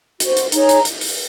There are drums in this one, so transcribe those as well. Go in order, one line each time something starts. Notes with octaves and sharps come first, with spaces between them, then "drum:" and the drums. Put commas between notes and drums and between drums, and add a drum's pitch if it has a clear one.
F#4 C5, drum: hi-hat
drum: hi-hat
D#4 G#4 C#5 A#5, drum: hi-hat
drum: hi-hat
drum: hi-hat
drum: open hi-hat